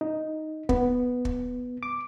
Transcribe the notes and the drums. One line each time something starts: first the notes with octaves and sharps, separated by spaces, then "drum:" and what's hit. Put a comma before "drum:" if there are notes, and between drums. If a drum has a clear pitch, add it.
D#4
B3, drum: kick
drum: kick
D6